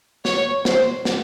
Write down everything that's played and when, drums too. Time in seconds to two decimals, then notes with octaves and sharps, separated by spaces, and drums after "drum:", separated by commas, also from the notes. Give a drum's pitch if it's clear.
0.25 C#5, drum: snare
0.65 C5, drum: snare
1.05 drum: snare